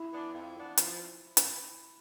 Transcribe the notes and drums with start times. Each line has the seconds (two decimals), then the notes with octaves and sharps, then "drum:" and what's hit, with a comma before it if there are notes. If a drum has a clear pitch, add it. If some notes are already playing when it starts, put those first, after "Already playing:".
Already playing: E4
0.11 E3 B3 D4
0.33 F2
0.55 E3 B3 D4
0.78 F3, drum: hi-hat
1.37 drum: hi-hat